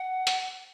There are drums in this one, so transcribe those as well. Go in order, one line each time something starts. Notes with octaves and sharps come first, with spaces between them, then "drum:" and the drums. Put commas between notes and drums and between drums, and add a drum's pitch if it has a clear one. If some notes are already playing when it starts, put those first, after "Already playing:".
Already playing: F#5
drum: hi-hat